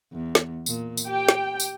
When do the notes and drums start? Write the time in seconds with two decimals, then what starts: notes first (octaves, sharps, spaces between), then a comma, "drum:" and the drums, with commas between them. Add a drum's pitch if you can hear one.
0.12 E2
0.35 drum: snare
0.66 A#2, drum: tambourine
0.97 drum: tambourine
1.07 G4 G5
1.29 drum: snare
1.60 drum: tambourine